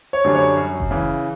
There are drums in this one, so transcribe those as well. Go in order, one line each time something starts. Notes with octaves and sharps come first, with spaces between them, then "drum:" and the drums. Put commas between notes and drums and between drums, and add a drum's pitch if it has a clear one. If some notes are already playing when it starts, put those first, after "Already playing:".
C#5
F#2 D3 G3 D4
C#5
F#2
drum: kick G1
C#3 E3